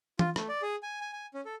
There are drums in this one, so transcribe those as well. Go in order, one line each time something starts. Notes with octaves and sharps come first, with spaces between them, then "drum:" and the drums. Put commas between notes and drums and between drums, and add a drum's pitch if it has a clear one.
F4, drum: tom E3
A3, drum: rim click
D5
G#4
G#5
G#5
G#5
C#4
A4